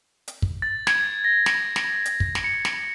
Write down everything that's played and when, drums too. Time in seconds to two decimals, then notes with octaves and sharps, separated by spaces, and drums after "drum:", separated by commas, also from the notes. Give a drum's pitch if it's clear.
0.28 drum: hi-hat
0.42 drum: kick
0.62 A6
0.87 G#6, drum: snare
1.24 A#6
1.46 drum: snare
1.76 drum: snare
2.05 drum: hi-hat
2.20 drum: kick
2.35 drum: snare
2.44 C#7
2.65 drum: snare